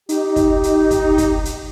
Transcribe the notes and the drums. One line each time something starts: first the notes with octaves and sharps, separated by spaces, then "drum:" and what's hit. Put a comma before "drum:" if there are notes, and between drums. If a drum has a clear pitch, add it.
D#4 G4, drum: hi-hat
drum: kick, hi-hat
drum: hi-hat
drum: kick, hi-hat
drum: kick, hi-hat
drum: hi-hat